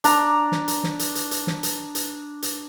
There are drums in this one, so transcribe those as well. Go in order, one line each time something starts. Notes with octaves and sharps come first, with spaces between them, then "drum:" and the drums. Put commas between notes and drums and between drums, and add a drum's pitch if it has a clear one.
D4 A#5, drum: hi-hat
drum: snare
drum: hi-hat
drum: snare
drum: hi-hat
drum: hi-hat
drum: hi-hat
drum: snare
drum: hi-hat
drum: hi-hat
drum: hi-hat